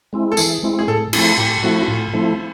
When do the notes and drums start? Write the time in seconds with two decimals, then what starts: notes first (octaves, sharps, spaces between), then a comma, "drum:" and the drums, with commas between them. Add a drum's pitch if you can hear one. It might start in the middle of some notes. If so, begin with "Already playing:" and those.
0.13 G#3 C4 E4
0.32 A4
0.37 E3 G#4, drum: tambourine
0.63 G#3 C4 E4
0.79 G#4
0.88 A2 A4
1.13 F3 A3 C4 E4 G#4, drum: cymbal
1.38 A2 G4
1.63 F3 A3 C4 E4 F#4
1.79 F#4
1.88 A2 F4
2.14 F3 A3 C4 E4